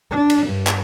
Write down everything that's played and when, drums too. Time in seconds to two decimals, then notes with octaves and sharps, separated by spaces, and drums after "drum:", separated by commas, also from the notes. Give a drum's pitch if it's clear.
0.11 D4
0.30 drum: cymbal
0.47 G2
0.67 drum: clap